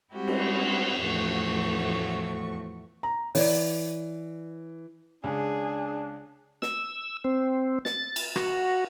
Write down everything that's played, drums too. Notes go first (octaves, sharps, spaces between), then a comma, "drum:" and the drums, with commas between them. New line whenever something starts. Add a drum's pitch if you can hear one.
G3 G#3 C4 E4 F#4 G4
drum: cymbal
E2 A2 F3 A3 F#4 C#6
A#5
E3 C#5 D5, drum: open hi-hat
C#2 D4 G#4
E6, drum: snare
C4
A6, drum: snare
drum: cymbal
F#4, drum: rim click